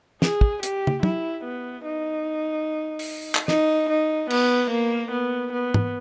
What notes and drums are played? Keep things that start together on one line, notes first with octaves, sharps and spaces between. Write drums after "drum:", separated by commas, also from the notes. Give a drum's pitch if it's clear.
G#4, drum: snare
drum: kick
G4, drum: hi-hat
drum: tom
E4, drum: tom
B3
D#4
drum: open hi-hat
drum: clap
D#4, drum: snare
D#4
B3, drum: cymbal
A#3
B3
B3
drum: tom